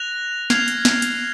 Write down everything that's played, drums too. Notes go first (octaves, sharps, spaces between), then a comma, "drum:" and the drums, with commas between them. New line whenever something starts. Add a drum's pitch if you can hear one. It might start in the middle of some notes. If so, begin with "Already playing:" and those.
Already playing: F#6 A#6 F7
F6 G#6 C7 F7, drum: snare
drum: hi-hat
drum: snare
drum: hi-hat